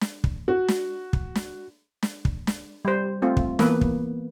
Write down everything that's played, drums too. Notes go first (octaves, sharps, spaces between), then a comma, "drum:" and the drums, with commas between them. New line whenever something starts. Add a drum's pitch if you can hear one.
drum: snare
drum: kick
F#4
drum: snare
drum: kick
drum: snare
drum: snare
drum: kick
drum: snare
G3 C5
A3 C4 F4
drum: kick
E3 A#3 B3 B4, drum: snare
drum: kick